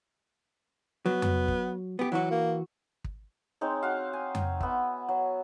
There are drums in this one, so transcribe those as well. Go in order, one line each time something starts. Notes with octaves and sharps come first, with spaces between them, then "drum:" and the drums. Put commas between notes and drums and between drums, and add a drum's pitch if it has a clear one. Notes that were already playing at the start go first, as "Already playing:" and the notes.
F#3 B3
drum: tom F2
drum: kick
B3 G4
E3 F#3 F#4
A#3
drum: kick
G#3 C4 D#4 C#5
F#4 F5
G#5
drum: tom F2
B3 E5, drum: kick
F#3